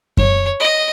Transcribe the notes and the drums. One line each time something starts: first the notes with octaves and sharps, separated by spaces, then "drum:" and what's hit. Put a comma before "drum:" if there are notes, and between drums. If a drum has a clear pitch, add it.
C#5, drum: kick F#2
D#5